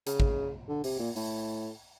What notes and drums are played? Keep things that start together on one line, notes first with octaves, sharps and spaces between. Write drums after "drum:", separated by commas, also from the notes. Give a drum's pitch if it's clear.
C#3, drum: hi-hat
drum: kick
D3
C3, drum: open hi-hat
A#2
A2, drum: open hi-hat